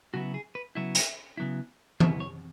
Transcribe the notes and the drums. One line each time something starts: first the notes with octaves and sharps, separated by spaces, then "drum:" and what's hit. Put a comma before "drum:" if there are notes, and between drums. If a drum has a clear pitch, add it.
C#3 F#3 B3 E4 F#4
G#4
B4
C#3 F#3 B3 E4 E5
drum: hi-hat
C#3 F#3 B3 E4
C#3 F#3 B3 E4 E5, drum: tom E3
C#5